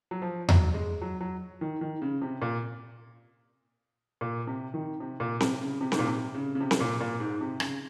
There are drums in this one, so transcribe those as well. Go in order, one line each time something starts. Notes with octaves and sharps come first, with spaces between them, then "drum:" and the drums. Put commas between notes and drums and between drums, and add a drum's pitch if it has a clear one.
F#3
F3
F#3, drum: tom E2
G#3
F#3
F#3
D#3
D#3
C#3
C3
A#2
A#2
C3
D#3
C3
A#2
C3, drum: snare C4
C#3
C3
G#2, drum: snare C4
A#2
C3
C#3
C#3
C3
drum: snare C4
A#2
A#2
G#2
C3
C#3, drum: rim click